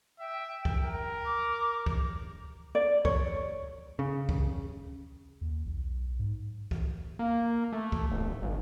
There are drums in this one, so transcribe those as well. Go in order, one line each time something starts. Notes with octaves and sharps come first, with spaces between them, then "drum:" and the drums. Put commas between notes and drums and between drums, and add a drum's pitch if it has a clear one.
E5 G5
drum: kick C2
A#4
D6
drum: kick C2
D5
C#5, drum: kick C2
C#3
drum: kick C2
D#2
B1
G#2
drum: kick C2
A#3
A3
drum: kick C2
D1
G#1